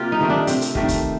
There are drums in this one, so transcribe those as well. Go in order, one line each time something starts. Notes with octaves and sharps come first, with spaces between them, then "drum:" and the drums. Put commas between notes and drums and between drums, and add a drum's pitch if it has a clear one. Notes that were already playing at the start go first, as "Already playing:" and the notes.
Already playing: C3 A#3 F4 G4
D#4
D#3 A3 C4
D4
C3 C4, drum: hi-hat
drum: hi-hat
D#3 A3 C4, drum: kick
drum: kick, hi-hat